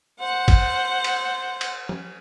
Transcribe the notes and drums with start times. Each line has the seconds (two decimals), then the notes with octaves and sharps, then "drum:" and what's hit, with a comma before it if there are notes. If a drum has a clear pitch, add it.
0.20 C5 F#5
0.48 drum: kick, cymbal
1.04 drum: cymbal
1.61 drum: cymbal
1.89 drum: tom F3